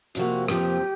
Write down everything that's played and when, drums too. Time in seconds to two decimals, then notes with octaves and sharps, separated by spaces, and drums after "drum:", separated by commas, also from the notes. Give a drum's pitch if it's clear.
0.15 F2 C3 F3 A#3 F#4, drum: hi-hat
0.48 F2 C3 F3 A#3 G4, drum: rim click